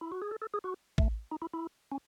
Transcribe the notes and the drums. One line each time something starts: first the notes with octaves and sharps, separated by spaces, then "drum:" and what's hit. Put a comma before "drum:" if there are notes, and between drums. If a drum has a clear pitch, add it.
E4
F#4
G#4
A4
A4
G#4
F#4
A3, drum: kick
D#4
E4
E4
C#4